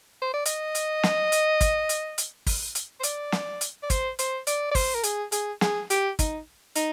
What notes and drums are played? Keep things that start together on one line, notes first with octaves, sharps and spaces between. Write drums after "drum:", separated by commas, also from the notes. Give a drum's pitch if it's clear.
C5
D5
D#5, drum: hi-hat
drum: hi-hat
drum: snare
drum: hi-hat
drum: kick, hi-hat
drum: hi-hat
drum: hi-hat
drum: kick, open hi-hat
drum: hi-hat
C5
D5, drum: hi-hat
drum: snare
drum: hi-hat
D5
C5, drum: kick, hi-hat
C5, drum: hi-hat
D5, drum: hi-hat
D5
C5, drum: kick, open hi-hat
A#4
G#4, drum: hi-hat
G#4, drum: hi-hat
G#4, drum: snare
G4, drum: hi-hat
D#4, drum: kick, hi-hat
D#4, drum: hi-hat